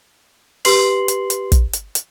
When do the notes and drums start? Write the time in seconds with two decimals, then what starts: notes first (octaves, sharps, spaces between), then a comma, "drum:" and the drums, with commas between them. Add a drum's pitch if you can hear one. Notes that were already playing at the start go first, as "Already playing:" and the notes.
0.65 G4 B4 C6 C7 F#7, drum: open hi-hat
1.08 drum: hi-hat
1.30 drum: hi-hat
1.52 drum: kick, hi-hat
1.73 drum: hi-hat
1.95 drum: hi-hat